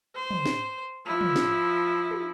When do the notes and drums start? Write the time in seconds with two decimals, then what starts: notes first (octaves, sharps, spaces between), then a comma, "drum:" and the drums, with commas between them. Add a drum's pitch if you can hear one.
0.15 C5
0.31 drum: tom
0.46 drum: snare
1.06 F3 E4
1.21 drum: tom
1.36 drum: snare
2.11 drum: tom